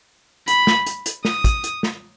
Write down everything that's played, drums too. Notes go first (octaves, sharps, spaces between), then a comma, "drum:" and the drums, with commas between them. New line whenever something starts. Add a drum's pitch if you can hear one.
B5, drum: hi-hat
drum: snare
drum: hi-hat
drum: hi-hat
D#6, drum: snare
drum: kick, hi-hat
drum: hi-hat
drum: snare